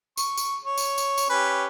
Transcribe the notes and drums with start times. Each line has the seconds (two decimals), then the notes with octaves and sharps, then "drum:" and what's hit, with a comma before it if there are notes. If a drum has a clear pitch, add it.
0.17 C#6, drum: tambourine
0.37 drum: tambourine
0.64 C#5
0.78 drum: tambourine
0.98 drum: tambourine
1.18 drum: tambourine
1.30 C#4 G4 B4